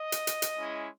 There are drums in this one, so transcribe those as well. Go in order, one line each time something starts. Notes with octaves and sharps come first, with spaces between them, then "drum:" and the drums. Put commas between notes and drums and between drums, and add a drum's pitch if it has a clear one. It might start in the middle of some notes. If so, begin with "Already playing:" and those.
Already playing: D#5
drum: hi-hat
drum: hi-hat
drum: hi-hat
G#3 C#4 E4